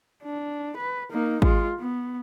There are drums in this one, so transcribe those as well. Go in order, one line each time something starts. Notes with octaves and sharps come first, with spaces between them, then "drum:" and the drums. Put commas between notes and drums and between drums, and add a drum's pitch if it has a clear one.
D4
B4
A#3 D#4
G#3 F4, drum: kick
B3